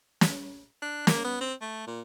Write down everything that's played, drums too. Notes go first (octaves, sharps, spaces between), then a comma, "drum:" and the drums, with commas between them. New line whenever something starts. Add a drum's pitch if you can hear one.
drum: snare
D4
A#3, drum: snare
B3
C4
A3
A#2